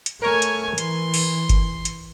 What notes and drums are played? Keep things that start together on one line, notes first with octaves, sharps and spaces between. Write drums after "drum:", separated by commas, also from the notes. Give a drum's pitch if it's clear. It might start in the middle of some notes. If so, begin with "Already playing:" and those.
drum: hi-hat
A3 A#4 C#5 G#5
drum: hi-hat
E3 C6, drum: hi-hat
drum: open hi-hat
drum: kick G1, hi-hat
drum: hi-hat